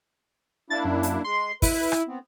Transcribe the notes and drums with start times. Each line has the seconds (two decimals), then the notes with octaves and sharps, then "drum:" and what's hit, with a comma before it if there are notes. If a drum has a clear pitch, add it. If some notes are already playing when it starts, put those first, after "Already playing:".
0.70 A#3 D4 E4 A6
0.84 F#2
1.03 drum: hi-hat
1.24 G#3 C6
1.62 E4 B4 B5, drum: kick, open hi-hat
1.92 drum: rim click
2.07 B3 C4